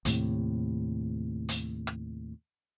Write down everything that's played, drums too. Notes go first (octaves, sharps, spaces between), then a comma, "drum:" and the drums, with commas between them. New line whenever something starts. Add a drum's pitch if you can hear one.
D#2 A2 C3, drum: hi-hat
drum: hi-hat
drum: rim click